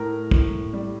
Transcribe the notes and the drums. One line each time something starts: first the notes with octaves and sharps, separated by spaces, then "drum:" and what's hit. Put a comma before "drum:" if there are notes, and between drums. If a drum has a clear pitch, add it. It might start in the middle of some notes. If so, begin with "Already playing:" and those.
Already playing: A2 A#4
A2, drum: kick
G3